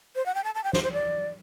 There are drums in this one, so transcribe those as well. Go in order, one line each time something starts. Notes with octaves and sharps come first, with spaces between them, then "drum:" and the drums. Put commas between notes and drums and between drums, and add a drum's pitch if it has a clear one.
C5
F#5
G5
A5
A5
G5
C5, drum: snare
C5
D5